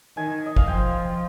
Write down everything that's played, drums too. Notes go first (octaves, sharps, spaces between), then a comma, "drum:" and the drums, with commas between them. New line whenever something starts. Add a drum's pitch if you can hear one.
D#3 G#5
D#5
F5, drum: kick
F3 G5